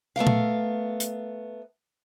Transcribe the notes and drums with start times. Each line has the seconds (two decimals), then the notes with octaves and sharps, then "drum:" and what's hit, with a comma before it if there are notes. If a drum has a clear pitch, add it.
0.16 A3 B3 A#4 F5
0.27 drum: tom A#2
1.00 drum: hi-hat